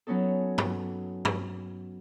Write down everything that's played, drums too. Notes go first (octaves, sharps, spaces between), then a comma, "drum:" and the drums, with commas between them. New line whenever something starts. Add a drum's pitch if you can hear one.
F#3 B3 C#4 D#4 A4
drum: tom G2
drum: tom G2